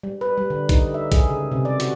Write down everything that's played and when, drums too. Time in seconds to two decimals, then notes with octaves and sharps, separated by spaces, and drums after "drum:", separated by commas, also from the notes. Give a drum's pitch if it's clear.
0.03 G3
0.21 B4
0.38 G3
0.50 D3
0.69 D#4, drum: kick A#1, hi-hat
0.94 E5
1.12 G#4, drum: kick A#1, hi-hat
1.30 C#3
1.52 C3
1.65 D5
1.80 F#4, drum: hi-hat